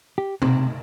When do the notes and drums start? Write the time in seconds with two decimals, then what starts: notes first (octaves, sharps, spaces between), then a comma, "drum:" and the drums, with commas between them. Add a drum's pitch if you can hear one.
0.18 G4
0.42 C3, drum: tom B2